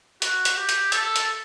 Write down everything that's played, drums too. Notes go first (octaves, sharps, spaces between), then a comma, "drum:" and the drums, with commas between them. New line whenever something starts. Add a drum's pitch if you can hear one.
F#4, drum: hi-hat
drum: hi-hat
G4
drum: hi-hat
A4, drum: hi-hat
drum: hi-hat